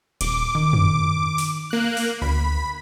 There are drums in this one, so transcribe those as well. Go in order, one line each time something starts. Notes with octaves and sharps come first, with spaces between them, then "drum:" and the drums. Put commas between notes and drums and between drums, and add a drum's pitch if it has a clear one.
D#1 D6, drum: cymbal
D#3
drum: tom
drum: open hi-hat
A#3 F#6
drum: open hi-hat
D2 B5